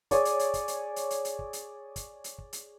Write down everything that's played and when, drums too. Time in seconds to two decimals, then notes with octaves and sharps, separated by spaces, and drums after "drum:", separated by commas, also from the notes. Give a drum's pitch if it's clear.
0.11 G#4 C#5 D5, drum: kick, hi-hat
0.25 drum: hi-hat
0.39 drum: hi-hat
0.54 drum: kick, hi-hat
0.68 drum: hi-hat
0.96 drum: hi-hat
1.10 drum: hi-hat
1.25 drum: hi-hat
1.39 drum: kick
1.53 drum: hi-hat
1.96 drum: kick, hi-hat
2.24 drum: hi-hat
2.38 drum: kick
2.53 drum: hi-hat